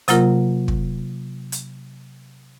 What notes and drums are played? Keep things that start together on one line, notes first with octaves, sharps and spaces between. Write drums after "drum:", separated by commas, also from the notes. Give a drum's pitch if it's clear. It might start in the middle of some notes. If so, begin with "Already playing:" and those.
C3 F#3 A#3 F4 A#4, drum: hi-hat
drum: kick
drum: hi-hat